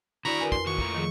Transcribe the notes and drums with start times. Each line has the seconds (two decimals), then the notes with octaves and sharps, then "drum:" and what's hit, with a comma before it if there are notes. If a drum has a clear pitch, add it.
0.25 D3 E4 F#4 D5 A#5 B5 C#6
0.40 A#4 B4 G#5
0.52 F2 C6, drum: kick
0.66 D#3 F3 F#4 C#6
0.79 A3 F4 A#5, drum: kick
0.95 D#3 F3 G#4